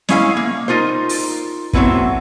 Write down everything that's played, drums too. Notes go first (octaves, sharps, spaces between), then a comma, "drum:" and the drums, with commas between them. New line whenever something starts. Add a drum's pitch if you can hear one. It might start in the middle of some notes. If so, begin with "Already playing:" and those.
G#3 C#4 E4 F5, drum: snare
A#3
D#4 F4 A#4 C5
drum: open hi-hat
A2 F#3 B3 C4 E4 B4, drum: kick